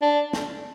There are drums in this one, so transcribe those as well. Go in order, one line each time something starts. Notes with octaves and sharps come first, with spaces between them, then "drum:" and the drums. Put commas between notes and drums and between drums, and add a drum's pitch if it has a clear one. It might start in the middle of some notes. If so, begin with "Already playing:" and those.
D4
drum: snare